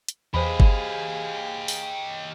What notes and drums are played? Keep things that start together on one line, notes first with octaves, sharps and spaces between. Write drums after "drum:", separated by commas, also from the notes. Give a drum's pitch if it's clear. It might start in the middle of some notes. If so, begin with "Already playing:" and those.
drum: hi-hat
E2 G4 G#4 C5 D#5 F5 B5
drum: kick G1
drum: open hi-hat